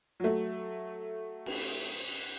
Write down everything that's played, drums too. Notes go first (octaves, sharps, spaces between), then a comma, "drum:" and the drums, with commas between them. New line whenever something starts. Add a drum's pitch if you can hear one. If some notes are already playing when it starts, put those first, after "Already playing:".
F#3 A3
drum: cymbal